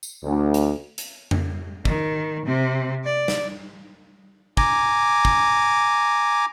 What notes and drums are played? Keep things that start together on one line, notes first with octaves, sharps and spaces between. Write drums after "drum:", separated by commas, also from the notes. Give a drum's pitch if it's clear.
drum: tambourine
D2
drum: hi-hat
drum: hi-hat
drum: tom F2
D#3, drum: kick
C3 C4
D5
drum: snare
G#5 A#5 D6, drum: kick
drum: kick